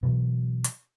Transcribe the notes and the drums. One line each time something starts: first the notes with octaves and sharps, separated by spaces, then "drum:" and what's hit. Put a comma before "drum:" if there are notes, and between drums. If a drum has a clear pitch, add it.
B2 E3 F#3
drum: hi-hat